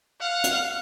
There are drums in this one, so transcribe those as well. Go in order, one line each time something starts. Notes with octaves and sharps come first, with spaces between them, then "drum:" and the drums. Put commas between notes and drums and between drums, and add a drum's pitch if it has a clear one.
F5 F#5
drum: hi-hat